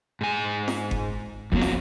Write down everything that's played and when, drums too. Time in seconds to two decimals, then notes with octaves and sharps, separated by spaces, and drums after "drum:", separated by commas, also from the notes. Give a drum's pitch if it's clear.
0.21 G#2 G#5
0.68 drum: snare
0.91 drum: kick G1
1.52 F2 F#3 A3 B3
1.61 drum: snare